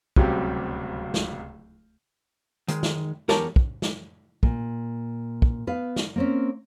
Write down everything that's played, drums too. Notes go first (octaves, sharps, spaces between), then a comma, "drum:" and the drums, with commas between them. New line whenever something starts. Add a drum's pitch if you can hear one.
D1 C#2 C3 F#3 G3 G4, drum: kick
drum: snare
D#3 G#3, drum: hi-hat
drum: snare
E2 G4 A#4 C#5 A5, drum: snare
drum: kick
drum: snare
A#2, drum: kick
drum: kick
B3 B4 F5
drum: snare
A#3 C4 C#4